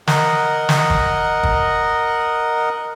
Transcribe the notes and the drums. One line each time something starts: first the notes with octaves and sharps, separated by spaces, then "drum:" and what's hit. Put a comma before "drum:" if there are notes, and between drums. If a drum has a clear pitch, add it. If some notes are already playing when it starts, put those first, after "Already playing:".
A#4 D#5 F#5, drum: snare
drum: snare
drum: kick
drum: kick